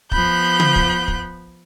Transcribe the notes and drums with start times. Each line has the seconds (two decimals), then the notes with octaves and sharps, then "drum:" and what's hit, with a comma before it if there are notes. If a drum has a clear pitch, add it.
0.12 F3 B3 B5 F#6 G6, drum: kick
0.60 drum: tom C#3
0.76 drum: kick
1.08 drum: kick